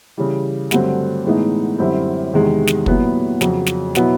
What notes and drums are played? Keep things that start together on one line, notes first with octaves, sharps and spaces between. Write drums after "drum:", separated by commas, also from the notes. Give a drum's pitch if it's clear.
C#3 E3 G3
G2 D3 F#3 A3 C4, drum: snare
A2 E3 G#3 B3 D#4
F#2 D3 G3 C4 E4
E2 C3 D#3 G#3
drum: snare
A#2 F#3 B3 E4, drum: kick
F2 C#3 F#3, drum: snare
drum: snare
B2 F#3 B3 E4, drum: snare